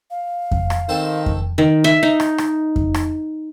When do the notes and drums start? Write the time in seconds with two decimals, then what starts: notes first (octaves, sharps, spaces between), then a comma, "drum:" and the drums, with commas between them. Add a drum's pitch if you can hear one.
0.11 F5
0.51 drum: kick F2
0.70 drum: rim click
0.89 D#3 C4 A4 C5
1.26 drum: kick F2
1.58 D#3
1.84 E5
2.03 D#4
2.20 drum: rim click
2.38 drum: rim click
2.76 drum: kick F2
2.94 drum: rim click